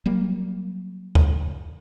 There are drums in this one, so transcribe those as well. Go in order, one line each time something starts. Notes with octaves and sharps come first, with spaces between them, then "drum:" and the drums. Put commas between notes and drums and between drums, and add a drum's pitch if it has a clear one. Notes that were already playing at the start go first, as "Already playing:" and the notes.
F#3 G3 A#3
drum: kick D2